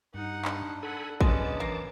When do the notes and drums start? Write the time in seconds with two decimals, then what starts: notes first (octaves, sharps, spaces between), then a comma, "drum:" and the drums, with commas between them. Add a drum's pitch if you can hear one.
0.14 G2 D#4 F#5
0.45 D4, drum: clap
0.83 A4 F#5 G#5 B5
1.21 G#3 C#4 B4 A5 D6, drum: kick
1.60 E3 A#3